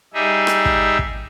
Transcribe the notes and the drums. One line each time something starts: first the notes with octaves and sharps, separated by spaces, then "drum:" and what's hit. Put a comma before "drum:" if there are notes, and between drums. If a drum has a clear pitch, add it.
G3 D#4 G#4 E5
drum: rim click
drum: kick
drum: kick